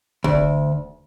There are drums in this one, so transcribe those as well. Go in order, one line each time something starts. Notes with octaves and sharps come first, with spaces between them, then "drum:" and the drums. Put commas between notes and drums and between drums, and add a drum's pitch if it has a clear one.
D2, drum: kick